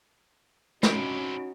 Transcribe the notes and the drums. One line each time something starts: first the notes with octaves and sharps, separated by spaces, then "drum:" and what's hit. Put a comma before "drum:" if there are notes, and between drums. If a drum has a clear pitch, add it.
G2 C3 C#4 D#4 F#4 B5 D7, drum: snare